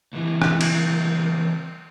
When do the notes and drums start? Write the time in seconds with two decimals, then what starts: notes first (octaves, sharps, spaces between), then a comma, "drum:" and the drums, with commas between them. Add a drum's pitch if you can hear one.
0.13 C#2 E3
0.42 drum: rim click
0.61 drum: cymbal